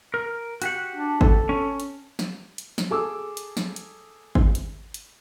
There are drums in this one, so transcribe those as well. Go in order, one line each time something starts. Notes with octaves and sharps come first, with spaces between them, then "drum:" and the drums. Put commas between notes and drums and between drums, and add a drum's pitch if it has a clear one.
A#4
F#4 G4 F#5, drum: hi-hat
D4
A4, drum: kick G#1
C#4
drum: hi-hat
drum: snare
drum: hi-hat
drum: snare
G#4 A4 D6 E6
drum: hi-hat
drum: snare
drum: hi-hat
drum: kick G#1
drum: hi-hat
drum: hi-hat